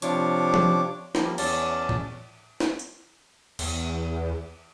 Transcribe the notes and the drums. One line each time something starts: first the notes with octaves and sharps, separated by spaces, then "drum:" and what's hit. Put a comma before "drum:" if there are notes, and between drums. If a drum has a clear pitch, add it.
C3 F3 D4 C#5 D6, drum: hi-hat
drum: tom F3
F3 G3 A#3, drum: snare
E2 C#4 D5 A5, drum: cymbal
drum: tom A2
drum: snare
drum: tambourine
E2, drum: cymbal